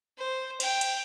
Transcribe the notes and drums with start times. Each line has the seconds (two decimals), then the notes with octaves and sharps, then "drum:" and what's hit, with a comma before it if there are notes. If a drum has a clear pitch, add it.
0.17 C5
0.60 G5, drum: cymbal
0.81 drum: cymbal